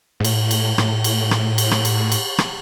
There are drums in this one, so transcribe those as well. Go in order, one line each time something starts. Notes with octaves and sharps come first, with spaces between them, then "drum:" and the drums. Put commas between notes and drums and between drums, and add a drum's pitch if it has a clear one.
G#2
A2, drum: cymbal
drum: cymbal
A2, drum: rim click
drum: cymbal
drum: rim click
drum: cymbal
drum: rim click
drum: cymbal
drum: cymbal
drum: rim click